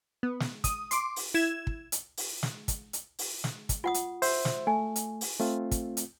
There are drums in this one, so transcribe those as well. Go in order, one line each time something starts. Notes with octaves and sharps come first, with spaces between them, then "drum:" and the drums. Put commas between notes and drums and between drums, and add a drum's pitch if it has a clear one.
B3
drum: snare
D#6, drum: kick, hi-hat
C6 D6, drum: hi-hat
drum: open hi-hat
E4 G#6 E7
drum: kick
drum: hi-hat
drum: open hi-hat
drum: snare
drum: kick, hi-hat
drum: hi-hat
drum: open hi-hat
drum: snare
drum: kick, hi-hat
F4 F#5 D#6
drum: hi-hat
C5 E5, drum: open hi-hat
drum: snare
A3 G#5
drum: hi-hat
drum: open hi-hat
A3 C4 F4
drum: kick, hi-hat
drum: hi-hat